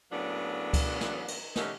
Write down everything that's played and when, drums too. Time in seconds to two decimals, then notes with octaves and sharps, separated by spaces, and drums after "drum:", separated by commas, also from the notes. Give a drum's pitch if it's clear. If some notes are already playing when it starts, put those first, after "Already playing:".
0.11 A2 C#3 F#3 A#3 B3 D4
0.73 drum: kick C#2, cymbal
1.01 drum: snare
1.28 drum: cymbal
1.56 D3 G3 C#4 D#4 E4 G4, drum: snare